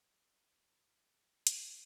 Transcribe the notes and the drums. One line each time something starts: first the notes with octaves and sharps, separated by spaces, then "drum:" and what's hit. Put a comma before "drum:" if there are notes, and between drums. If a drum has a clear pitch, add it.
F#1 F2 A#3
drum: hi-hat